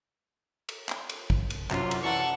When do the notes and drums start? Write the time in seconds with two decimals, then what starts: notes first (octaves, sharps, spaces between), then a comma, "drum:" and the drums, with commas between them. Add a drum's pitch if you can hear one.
0.69 drum: cymbal
0.89 drum: clap
1.09 drum: cymbal
1.30 drum: kick
1.50 drum: cymbal
1.71 C2 F#2 F#3 F4, drum: clap
1.91 drum: cymbal
2.03 E3 A4 D5 F#5 C#6